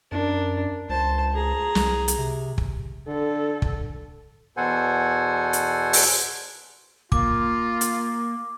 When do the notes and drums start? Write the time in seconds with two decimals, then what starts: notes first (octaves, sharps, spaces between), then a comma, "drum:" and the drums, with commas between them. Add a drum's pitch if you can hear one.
0.12 F#2 D4 A#4
0.89 C#2 C5 A5
1.34 G#4 A#5
1.75 C2, drum: snare
2.08 drum: hi-hat
2.18 C3
2.58 drum: kick
3.08 D3 A4
3.62 drum: kick
4.57 E2 B2 A4 C5 F#5 G#5
5.53 drum: hi-hat
5.93 drum: open hi-hat
7.12 A#3 F4 D6, drum: kick
7.81 drum: hi-hat